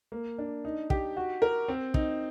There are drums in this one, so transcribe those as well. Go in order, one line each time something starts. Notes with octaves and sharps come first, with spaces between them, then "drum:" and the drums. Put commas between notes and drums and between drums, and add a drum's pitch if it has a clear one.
A#3
D4
D#4
G4, drum: kick
F#4
A#4
C4
D#4, drum: kick